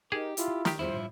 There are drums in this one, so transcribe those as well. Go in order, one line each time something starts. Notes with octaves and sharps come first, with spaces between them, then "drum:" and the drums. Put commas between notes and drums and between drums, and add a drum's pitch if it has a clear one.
D#4 G4 G#4 A#4
E4 F4, drum: hi-hat
D#3 G4, drum: snare
E2 G2 F3 E4 C5
A2